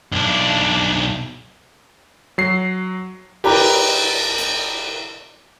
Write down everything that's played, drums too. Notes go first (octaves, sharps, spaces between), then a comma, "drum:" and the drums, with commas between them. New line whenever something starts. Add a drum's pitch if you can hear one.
B1 D4
F#3 C7
G4 B4 A#5 D6, drum: cymbal
drum: hi-hat